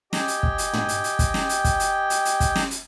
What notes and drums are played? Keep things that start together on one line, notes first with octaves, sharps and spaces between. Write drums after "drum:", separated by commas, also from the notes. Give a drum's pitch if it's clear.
G4 D#5 G5 G#5, drum: snare
drum: hi-hat
drum: kick
drum: hi-hat
drum: tom
drum: hi-hat
drum: hi-hat
drum: kick, hi-hat
drum: snare
drum: hi-hat
drum: kick, hi-hat
drum: hi-hat
drum: hi-hat
drum: hi-hat
drum: kick, hi-hat
drum: snare
drum: hi-hat